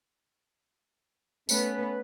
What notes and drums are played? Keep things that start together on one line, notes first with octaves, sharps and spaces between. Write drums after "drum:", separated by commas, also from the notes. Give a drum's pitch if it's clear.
A3 B3 C#4 B4, drum: tambourine